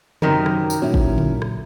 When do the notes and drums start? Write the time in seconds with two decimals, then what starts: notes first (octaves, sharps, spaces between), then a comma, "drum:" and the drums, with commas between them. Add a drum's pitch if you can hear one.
0.22 F#2 C3 D#3 F#3 A#4, drum: tom C#3
0.46 drum: rim click
0.70 drum: tambourine
0.82 A#2 F#3 C#4 E4
0.94 drum: kick
1.18 drum: tom C#3
1.42 drum: rim click